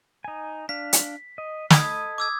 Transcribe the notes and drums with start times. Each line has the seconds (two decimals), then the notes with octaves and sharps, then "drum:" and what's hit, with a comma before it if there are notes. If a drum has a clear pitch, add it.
0.24 D#4 G#5
0.69 D4 F5 B6
0.93 drum: hi-hat
1.38 D#5
1.70 A4 D#5 B5 D#6 G#6, drum: snare
2.18 D6 E6 G#6